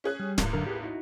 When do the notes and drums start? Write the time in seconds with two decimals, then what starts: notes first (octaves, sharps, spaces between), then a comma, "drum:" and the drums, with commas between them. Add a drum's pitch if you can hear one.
0.04 C#4 G#4 F#6
0.19 G3
0.38 A1 D#2, drum: snare
0.53 F#2 D3 A#4
0.67 G4 G#4 B4
0.82 D#4 E4 F#4